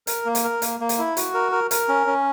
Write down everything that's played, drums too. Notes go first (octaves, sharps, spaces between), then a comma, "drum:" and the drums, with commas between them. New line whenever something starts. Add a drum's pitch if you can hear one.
A#4, drum: hi-hat
A#3
drum: hi-hat
A#4
A#3, drum: hi-hat
A#3
drum: hi-hat
E4
F#4, drum: hi-hat
A#4
A#4
A#4, drum: hi-hat
C#4
C#4